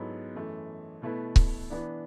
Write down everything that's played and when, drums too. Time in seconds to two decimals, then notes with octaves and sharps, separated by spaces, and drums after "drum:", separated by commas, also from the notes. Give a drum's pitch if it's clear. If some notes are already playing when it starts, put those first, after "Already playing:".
Already playing: G#2 F#3 B3 E4 A4
0.35 F#2 E3 A3
1.02 B2 A3 E4 B4
1.36 drum: kick C#1
1.70 E3 B3 D4